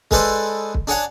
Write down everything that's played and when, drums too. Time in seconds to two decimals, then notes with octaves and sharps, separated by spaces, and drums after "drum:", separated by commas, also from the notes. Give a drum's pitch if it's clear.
0.11 G#3 G#4 A4 B4 C5 D5, drum: kick
0.74 drum: kick
0.87 D4 G#4 C#5 F#5 A5